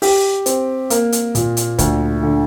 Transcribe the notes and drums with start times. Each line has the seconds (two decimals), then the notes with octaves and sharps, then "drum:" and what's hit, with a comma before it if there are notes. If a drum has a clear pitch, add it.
0.02 G4, drum: open hi-hat
0.46 C4, drum: hi-hat
0.90 A#3, drum: hi-hat
1.12 drum: hi-hat
1.35 A#2, drum: hi-hat
1.57 drum: hi-hat
1.79 D2, drum: kick, hi-hat
2.23 D3